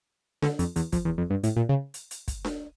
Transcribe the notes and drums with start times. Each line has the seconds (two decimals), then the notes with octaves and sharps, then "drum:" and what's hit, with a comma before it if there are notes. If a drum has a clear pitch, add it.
0.42 D3, drum: snare D4
0.59 F2, drum: hi-hat
0.76 E2, drum: hi-hat
0.92 F2, drum: kick, hi-hat
1.05 E2
1.18 F2
1.30 G2
1.43 A2, drum: hi-hat
1.56 A#2
1.69 C#3
1.94 drum: hi-hat
2.11 drum: hi-hat
2.28 drum: kick, hi-hat
2.45 drum: snare D4